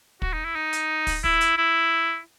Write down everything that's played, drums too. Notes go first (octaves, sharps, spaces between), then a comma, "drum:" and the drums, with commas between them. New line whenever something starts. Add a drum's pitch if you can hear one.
F#4, drum: kick
D#4
E4
D#4
drum: hi-hat
drum: kick, open hi-hat
E4, drum: kick
drum: hi-hat
E4